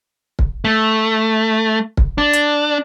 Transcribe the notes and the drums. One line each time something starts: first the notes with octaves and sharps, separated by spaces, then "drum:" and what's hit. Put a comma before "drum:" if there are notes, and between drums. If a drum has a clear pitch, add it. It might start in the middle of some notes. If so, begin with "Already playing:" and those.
drum: kick
A3
drum: kick
D4
drum: hi-hat